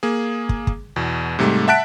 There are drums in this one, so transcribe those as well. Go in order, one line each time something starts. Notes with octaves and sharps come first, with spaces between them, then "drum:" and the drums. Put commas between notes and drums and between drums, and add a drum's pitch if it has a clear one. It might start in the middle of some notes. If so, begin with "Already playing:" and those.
A#3 G#4
drum: kick
drum: kick
E2 B2
G#2 C3 G3 A3
E5 F#5 A5 F#6 B6 D7